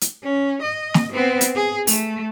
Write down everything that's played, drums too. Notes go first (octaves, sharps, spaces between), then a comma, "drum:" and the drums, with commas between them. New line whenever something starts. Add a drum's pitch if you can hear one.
drum: hi-hat
C#4
D#5
drum: snare
B3 C4
drum: hi-hat
G#4
A3, drum: open hi-hat